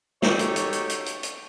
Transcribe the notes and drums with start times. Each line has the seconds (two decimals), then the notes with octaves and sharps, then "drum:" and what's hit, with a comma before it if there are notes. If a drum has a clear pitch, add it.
0.22 D#4 F#4 G4 A4 C#5, drum: snare
0.39 drum: hi-hat
0.56 drum: hi-hat
0.73 drum: hi-hat
0.89 drum: hi-hat
1.06 drum: hi-hat
1.23 drum: hi-hat